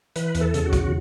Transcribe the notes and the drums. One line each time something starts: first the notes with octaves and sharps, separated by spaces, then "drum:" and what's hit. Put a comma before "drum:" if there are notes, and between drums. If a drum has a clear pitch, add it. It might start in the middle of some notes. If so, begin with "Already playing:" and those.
E3 B4, drum: hi-hat
E2, drum: hi-hat
A4
C#3, drum: hi-hat
F#4
E2, drum: kick, hi-hat